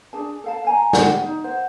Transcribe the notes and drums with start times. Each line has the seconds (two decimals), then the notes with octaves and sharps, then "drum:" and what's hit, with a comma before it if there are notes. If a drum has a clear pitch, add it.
0.13 D4 G#4 A5
0.44 A4 F5 A5
0.65 F5 G#5 A#5
0.93 G4 D5 F#5 G5, drum: snare
1.23 D#4
1.44 C5 F#5